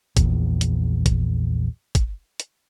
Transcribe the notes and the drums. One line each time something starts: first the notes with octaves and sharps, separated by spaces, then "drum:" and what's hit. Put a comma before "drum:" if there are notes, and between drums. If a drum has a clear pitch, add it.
A#1 E2, drum: kick, hi-hat
drum: hi-hat
drum: kick, hi-hat
drum: kick, hi-hat
drum: hi-hat